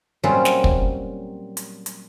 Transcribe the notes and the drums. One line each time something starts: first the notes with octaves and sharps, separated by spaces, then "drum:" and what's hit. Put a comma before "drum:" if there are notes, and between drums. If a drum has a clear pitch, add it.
A#2 F#3 G3 C4 C#4 F4
drum: snare
drum: kick
drum: hi-hat
drum: hi-hat